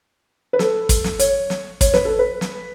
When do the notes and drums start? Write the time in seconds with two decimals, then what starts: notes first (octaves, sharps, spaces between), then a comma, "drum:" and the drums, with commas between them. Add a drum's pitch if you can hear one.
0.53 B4
0.59 A4, drum: snare
0.89 drum: kick, hi-hat
1.04 drum: snare
1.19 C#5, drum: hi-hat
1.50 drum: snare
1.81 C#5, drum: kick, hi-hat
1.94 B4, drum: snare
2.05 A4
2.19 B4
2.41 drum: snare